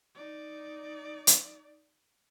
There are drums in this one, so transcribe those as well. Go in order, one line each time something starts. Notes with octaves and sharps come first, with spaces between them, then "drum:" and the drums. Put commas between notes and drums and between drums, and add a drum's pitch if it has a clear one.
D#4 D5
drum: hi-hat